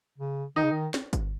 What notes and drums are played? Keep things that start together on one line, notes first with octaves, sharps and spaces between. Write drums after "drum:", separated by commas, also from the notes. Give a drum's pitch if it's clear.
C#3
D#3 D#4
C#3
D#3
drum: snare
drum: kick G1, hi-hat